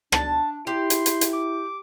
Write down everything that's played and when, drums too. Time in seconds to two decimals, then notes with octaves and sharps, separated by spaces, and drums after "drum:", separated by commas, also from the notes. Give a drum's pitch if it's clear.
0.12 D4 A5, drum: rim click
0.67 E4 G4 C6
0.90 drum: hi-hat
1.06 drum: hi-hat
1.21 drum: hi-hat
1.33 D6